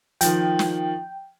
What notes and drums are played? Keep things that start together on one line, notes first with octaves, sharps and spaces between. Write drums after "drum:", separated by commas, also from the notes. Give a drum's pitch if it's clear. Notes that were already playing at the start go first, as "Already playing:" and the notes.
D#3 F3 G5, drum: hi-hat
drum: snare